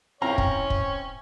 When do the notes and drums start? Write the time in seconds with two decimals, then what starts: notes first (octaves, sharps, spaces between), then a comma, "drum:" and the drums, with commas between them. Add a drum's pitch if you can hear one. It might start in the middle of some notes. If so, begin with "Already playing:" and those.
0.22 C4 C#4 E4 C#5 F5 G5 A#5
0.38 drum: kick
0.70 drum: kick